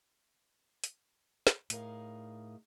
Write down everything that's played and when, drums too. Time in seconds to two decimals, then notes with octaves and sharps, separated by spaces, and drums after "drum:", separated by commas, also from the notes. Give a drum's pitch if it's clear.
0.84 drum: hi-hat
1.47 drum: snare
1.70 A2 D#4 G#4 A#4 F5, drum: hi-hat